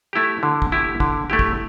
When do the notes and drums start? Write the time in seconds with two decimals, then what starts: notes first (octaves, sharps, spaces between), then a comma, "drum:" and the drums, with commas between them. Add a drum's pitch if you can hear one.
0.13 A3 E4 G4
0.43 D3
0.62 drum: kick
0.72 A3 E4 G4
1.00 D3, drum: kick
1.30 A3 E4 G4
1.39 drum: kick